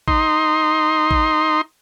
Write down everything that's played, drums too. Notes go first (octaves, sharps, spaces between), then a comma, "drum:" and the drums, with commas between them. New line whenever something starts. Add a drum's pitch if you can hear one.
D#4 C6, drum: kick A1
drum: kick A1